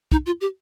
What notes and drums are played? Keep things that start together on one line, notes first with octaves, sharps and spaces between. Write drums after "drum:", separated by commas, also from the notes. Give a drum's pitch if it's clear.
D#4, drum: kick
F4
G4